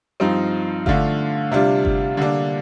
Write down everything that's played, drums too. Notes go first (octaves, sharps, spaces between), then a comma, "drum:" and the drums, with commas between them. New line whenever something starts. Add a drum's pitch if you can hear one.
G2 F3 C4 D#4
D3 A3 D4 F4, drum: kick G1
C3 G3 D4 F4
drum: kick G1
D3 G3 A#3 D4